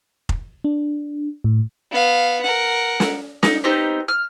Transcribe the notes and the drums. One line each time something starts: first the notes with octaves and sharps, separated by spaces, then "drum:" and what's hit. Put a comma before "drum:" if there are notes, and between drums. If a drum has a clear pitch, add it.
drum: kick F1
D4
A2
B3 F5
A#4 F#5
drum: snare
D#4, drum: snare
B3 C4 D#4 G4
F6